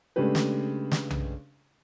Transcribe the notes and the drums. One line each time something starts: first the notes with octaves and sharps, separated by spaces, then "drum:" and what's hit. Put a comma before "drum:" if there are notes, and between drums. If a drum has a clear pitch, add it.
C#3 G#3 A3 D4 G4 B4
drum: snare
drum: snare
drum: tom B1